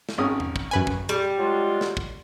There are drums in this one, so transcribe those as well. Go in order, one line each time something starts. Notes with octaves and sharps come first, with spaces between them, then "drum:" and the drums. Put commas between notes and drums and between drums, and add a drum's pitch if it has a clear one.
drum: snare
G#1 C#4 D#6
drum: tom E2
drum: kick
F#2 B4 G#5
drum: kick
G3
F#3 G#3 F4
drum: snare
drum: kick